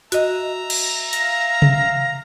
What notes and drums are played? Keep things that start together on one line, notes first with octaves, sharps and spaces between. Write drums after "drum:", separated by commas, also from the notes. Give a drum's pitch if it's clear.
F#4 D#5 E5 A#5, drum: hi-hat
drum: cymbal
F5 A#6, drum: hi-hat
drum: tom C3